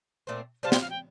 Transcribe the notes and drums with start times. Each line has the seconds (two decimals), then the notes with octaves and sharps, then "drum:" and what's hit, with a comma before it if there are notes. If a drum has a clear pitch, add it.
0.27 A#2 A3 C4
0.63 C3 G3 C4 F4 A5
0.72 G5, drum: snare
0.81 F5
0.90 G5